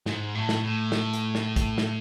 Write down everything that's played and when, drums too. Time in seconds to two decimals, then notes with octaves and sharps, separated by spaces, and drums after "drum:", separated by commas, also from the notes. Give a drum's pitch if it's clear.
0.06 G#2, drum: snare
0.35 A2
0.49 drum: snare
0.63 A2
0.92 drum: snare
1.13 drum: hi-hat
1.35 drum: snare
1.56 drum: kick, hi-hat
1.78 drum: snare